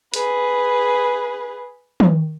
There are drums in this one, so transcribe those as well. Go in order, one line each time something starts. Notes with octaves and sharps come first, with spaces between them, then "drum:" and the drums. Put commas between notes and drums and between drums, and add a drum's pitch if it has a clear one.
G#4 B4, drum: hi-hat
drum: tom